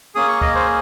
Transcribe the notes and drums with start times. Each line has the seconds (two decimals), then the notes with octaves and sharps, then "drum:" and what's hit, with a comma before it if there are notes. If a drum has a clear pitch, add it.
0.15 A#3 C#4 G#4 D#6
0.28 C#6
0.41 D#5, drum: kick C#2
0.55 C5